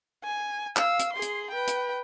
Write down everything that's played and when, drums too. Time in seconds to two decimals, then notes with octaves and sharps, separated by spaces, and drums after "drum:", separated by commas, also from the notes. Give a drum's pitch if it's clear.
0.24 G#5
0.77 F5 E6, drum: clap
0.99 drum: hi-hat
1.13 G#4 C6
1.22 drum: hi-hat
1.50 B4 G5
1.67 drum: hi-hat